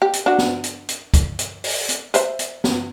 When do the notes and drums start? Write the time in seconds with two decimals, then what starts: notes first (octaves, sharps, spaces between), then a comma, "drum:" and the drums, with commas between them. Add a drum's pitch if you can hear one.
0.02 G4
0.13 drum: hi-hat
0.26 D4 F#4
0.38 drum: snare
0.63 drum: hi-hat
0.89 drum: hi-hat
1.14 drum: kick, hi-hat
1.39 drum: hi-hat
1.64 drum: open hi-hat
1.89 drum: hi-hat
2.14 B4 C5 E5, drum: hi-hat
2.39 drum: hi-hat
2.64 drum: snare